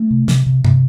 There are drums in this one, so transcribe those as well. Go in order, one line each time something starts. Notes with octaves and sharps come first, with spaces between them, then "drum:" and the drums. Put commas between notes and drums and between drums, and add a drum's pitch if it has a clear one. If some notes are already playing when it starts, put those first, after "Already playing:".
Already playing: A3
C3
C3, drum: snare
C3
C3, drum: tom G2